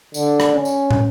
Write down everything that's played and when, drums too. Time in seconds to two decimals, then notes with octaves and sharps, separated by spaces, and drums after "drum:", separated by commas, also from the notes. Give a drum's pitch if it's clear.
0.14 D3, drum: tambourine
0.40 drum: rim click
0.55 C#4
0.65 drum: tambourine
0.91 drum: tom